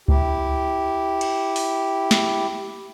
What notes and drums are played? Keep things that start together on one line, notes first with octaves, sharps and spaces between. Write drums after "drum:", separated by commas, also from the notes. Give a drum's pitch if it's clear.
E4 G4, drum: kick C#2
drum: cymbal
drum: open hi-hat
drum: snare